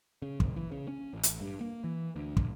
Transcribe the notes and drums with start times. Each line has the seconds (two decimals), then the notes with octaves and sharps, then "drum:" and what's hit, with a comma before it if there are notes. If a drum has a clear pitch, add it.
0.22 C#3
0.40 F#1, drum: kick
0.56 E3
0.72 C#3
0.88 C#4
1.13 A1
1.23 drum: hi-hat
1.41 G2
1.61 A#3
1.84 E3
2.16 D2
2.37 A1, drum: kick